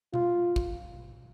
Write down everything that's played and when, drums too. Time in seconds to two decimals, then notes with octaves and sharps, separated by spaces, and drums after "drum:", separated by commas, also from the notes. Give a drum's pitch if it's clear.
0.14 F4, drum: tom B2
0.56 drum: kick